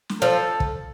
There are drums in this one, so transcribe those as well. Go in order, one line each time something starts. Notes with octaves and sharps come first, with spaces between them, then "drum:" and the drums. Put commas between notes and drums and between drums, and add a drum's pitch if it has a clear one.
drum: snare
F3 A4
drum: kick